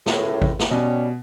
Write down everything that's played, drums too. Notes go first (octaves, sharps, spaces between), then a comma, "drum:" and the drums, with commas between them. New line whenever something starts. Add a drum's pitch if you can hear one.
C#2 F#2 A2, drum: snare
drum: kick G#1
drum: snare
B2 G3 C#4